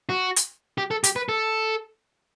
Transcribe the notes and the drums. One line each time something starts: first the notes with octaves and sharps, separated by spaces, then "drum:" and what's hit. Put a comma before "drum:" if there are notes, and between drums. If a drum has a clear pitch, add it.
F#4
drum: hi-hat
G4
A4
G4, drum: hi-hat
B4
A4